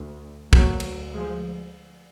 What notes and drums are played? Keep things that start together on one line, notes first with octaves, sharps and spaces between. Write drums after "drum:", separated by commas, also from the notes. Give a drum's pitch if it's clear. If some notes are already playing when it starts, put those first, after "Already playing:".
Already playing: D2
D2 F#3 A#3, drum: kick
drum: cymbal
F3 G#3